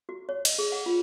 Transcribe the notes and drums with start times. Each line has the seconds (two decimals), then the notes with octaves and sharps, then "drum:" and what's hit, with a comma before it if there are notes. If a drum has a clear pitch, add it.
0.09 F#4
0.29 C#5
0.45 D#5, drum: cymbal
0.59 G#4
0.72 F#5
0.86 F4